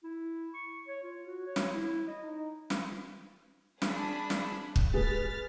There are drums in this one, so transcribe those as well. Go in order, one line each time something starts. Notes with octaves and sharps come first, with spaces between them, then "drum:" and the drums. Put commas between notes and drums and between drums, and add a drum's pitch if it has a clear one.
E4
C#6
C#5
F4
F#4
C#5
drum: snare
E4
D#5
D#4
drum: snare
D4 G#4 B5, drum: snare
drum: snare
drum: kick
G#3 G#4 B4 F6 A6 B6